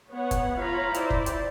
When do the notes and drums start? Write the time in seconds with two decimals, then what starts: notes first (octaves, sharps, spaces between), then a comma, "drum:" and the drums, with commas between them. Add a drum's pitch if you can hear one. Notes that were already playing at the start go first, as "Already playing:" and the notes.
0.11 B3 C#5 F#5
0.31 drum: kick, hi-hat
0.59 F4 C#5 F5 A#5 B5
0.94 E4 C5 D5, drum: hi-hat
1.10 drum: kick
1.26 drum: hi-hat